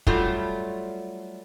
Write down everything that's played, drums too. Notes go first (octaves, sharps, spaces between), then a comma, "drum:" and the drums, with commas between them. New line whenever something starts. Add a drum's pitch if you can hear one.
F#3 G3 A3 F4, drum: kick